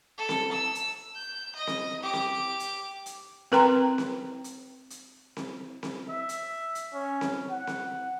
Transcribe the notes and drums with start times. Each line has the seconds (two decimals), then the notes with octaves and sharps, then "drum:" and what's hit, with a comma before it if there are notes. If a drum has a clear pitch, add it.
0.18 A4
0.29 drum: snare C4
0.52 E6
0.75 drum: hi-hat
1.15 G6
1.56 D#5
1.67 drum: snare C4
2.03 G4 D6
2.13 drum: snare C4
2.60 drum: hi-hat
3.06 drum: hi-hat
3.52 C4 A#4 B4 G5 A#5 C6, drum: snare C4
3.98 drum: snare C4
4.44 drum: hi-hat
4.90 drum: hi-hat
5.37 drum: snare C4
5.83 drum: snare C4
6.10 E5
6.29 drum: hi-hat
6.75 drum: hi-hat
6.94 C#4
7.21 drum: snare C4
7.50 F#5
7.67 drum: snare C4